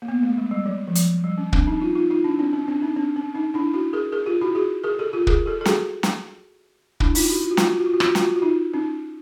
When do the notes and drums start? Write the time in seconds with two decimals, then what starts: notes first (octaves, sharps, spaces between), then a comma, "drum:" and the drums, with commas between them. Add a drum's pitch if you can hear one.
0.02 A#3
0.08 B3
0.23 A3
0.38 G#3
0.51 G3
0.66 F#3
0.88 F3
0.96 F#3, drum: hi-hat
1.24 G3
1.38 C#4
1.53 C4 D4, drum: kick
1.67 C#4 D#4
1.82 D#4 F4
1.95 D#4 F4
2.10 D#4 F4
2.24 D4 E4
2.39 C4 D4
2.53 C#4
2.68 C4 D4
2.82 C#4 D#4
2.96 C4 D4
3.16 C#4
3.35 C#4 D#4
3.54 D4 E4
3.74 E4 F#4
3.93 G#4 A#4
4.12 G#4 A#4
4.26 F4 G4
4.41 E4 F#4
4.55 F#4 G#4
4.84 G#4 A#4
4.99 G4 A4
5.13 F4 G4
5.27 G#4 A#4, drum: kick
5.46 G4 A4
5.61 A4
5.65 F#4 G#4, drum: snare
6.03 drum: snare
7.00 D4 E4, drum: kick
7.15 D#4 F4, drum: open hi-hat
7.29 E4 F#4
7.43 F4
7.51 F#4
7.57 F4, drum: snare
7.65 F#4
7.72 F4
7.79 F#4
7.86 F4
7.93 F#4
8.00 F4, drum: rim click
8.08 F#4
8.15 F4, drum: snare
8.22 F#4
8.29 F4
8.36 F#4
8.42 D#4 F4
8.74 C#4 D#4